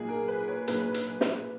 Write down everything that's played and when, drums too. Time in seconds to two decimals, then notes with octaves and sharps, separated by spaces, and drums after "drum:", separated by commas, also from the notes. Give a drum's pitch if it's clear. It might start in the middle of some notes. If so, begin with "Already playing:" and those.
Already playing: B1 A#2 A#3 G#4
0.09 A#4
0.28 B4
0.48 C#5
0.67 B1 A#2 A#3 B4, drum: hi-hat
0.94 drum: hi-hat
1.21 drum: snare